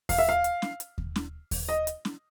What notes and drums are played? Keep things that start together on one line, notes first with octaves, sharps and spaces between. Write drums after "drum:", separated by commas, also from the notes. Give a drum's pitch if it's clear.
F5, drum: kick D#2, open hi-hat
E5
F5
drum: hi-hat
drum: snare
drum: hi-hat
drum: kick D#2
drum: snare
drum: kick D#2, open hi-hat
D#5
drum: hi-hat
drum: snare